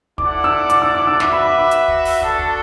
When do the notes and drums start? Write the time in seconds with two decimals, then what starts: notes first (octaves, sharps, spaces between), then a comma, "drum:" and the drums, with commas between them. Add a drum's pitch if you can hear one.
0.18 E4 A4 D5 F#5 D6, drum: kick
0.44 E6
0.70 D6, drum: hi-hat
0.82 E6
0.95 D6
1.07 E6
1.20 F#4 B4 E5 D6, drum: snare
1.33 B5
1.45 D6
1.59 D6
1.71 drum: hi-hat
1.88 drum: kick
2.05 drum: open hi-hat
2.22 D4 F#4 A4, drum: kick
2.39 drum: kick